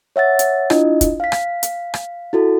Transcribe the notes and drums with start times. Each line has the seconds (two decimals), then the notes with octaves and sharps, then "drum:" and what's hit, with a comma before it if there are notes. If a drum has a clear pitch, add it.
0.16 C#5 E5 F#5 A6
0.39 drum: hi-hat
0.70 D4 E4 F4 D#5, drum: rim click
1.01 drum: kick, hi-hat
1.20 F5 B6
1.32 drum: rim click
1.63 drum: hi-hat
1.94 drum: rim click
2.33 E4 F#4 A4